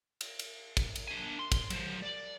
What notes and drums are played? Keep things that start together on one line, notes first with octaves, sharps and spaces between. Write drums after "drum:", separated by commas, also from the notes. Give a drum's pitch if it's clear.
drum: cymbal
drum: cymbal
drum: kick, cymbal
drum: cymbal
D4 G#5
C6
drum: kick, cymbal
F#3 C5, drum: cymbal
D5